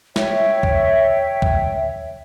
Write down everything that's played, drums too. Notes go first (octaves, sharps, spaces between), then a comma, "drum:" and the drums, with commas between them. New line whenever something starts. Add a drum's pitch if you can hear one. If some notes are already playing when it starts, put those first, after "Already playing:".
C#5 E5 G5, drum: snare
drum: kick
drum: kick